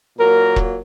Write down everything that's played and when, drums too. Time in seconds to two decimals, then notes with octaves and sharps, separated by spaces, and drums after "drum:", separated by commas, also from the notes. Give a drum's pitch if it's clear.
0.18 A#2 F#3 A#3 A#4
0.56 drum: kick E1